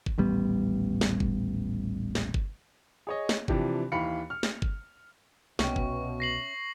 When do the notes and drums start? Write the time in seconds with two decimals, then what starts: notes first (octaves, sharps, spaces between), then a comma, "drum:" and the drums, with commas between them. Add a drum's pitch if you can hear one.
0.06 drum: kick G1
0.18 D#1 A1 G3 B3
1.01 drum: snare
1.20 drum: kick G1
2.15 drum: snare
2.34 drum: kick G1
3.07 G#4 C#5 D#5
3.29 drum: snare
3.48 C3 E3 F3 D4 G4, drum: kick G1
3.92 D#2 E3 F5 B5 C#7
4.30 F6
4.43 drum: snare
4.62 drum: kick G1
5.59 C2 B2 C#4 E5 G5 C#6, drum: snare
5.76 drum: kick G1
6.20 A#6 C7 F#7